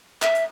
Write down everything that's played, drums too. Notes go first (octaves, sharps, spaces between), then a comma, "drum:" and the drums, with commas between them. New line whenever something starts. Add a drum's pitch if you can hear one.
E5, drum: clap
drum: hi-hat